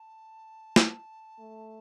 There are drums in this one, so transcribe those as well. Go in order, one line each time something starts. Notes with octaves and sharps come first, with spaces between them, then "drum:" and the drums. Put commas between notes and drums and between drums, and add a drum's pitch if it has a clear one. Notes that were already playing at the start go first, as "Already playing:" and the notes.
Already playing: A5
drum: snare
A3